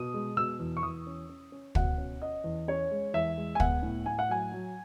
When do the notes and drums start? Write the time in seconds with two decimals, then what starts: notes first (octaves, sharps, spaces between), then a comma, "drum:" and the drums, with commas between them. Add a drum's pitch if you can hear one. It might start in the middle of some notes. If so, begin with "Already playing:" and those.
Already playing: B2 D#6
0.14 G#3
0.37 B2 E6
0.60 E2
0.77 C#6
0.83 E2 D#6
1.07 C#4
1.29 C#4
1.52 C#4
1.75 B2 F#5, drum: kick
1.98 C#4
2.22 C#4 D#5
2.44 E2
2.68 C#4 C#5
2.91 G#3
3.14 E2 E5
3.37 G#3
3.55 G#5
3.60 B3 F#5, drum: kick
3.83 A2
4.06 A2 G#5
4.19 F#5
4.29 F#3 G#5
4.52 F#3